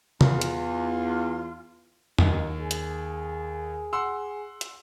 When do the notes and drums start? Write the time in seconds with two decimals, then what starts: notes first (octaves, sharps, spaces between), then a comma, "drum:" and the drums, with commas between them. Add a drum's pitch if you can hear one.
0.21 E2 F4, drum: tom C3
0.41 drum: hi-hat
2.18 D#2 D#4, drum: tom
2.59 G#4
2.71 drum: hi-hat
3.93 F#5 C6 E6
4.61 drum: hi-hat